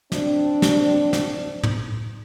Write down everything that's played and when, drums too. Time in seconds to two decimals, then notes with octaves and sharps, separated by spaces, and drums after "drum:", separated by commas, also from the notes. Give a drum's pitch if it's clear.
0.12 C4 D4, drum: snare
0.62 drum: snare
1.13 drum: snare
1.63 drum: tom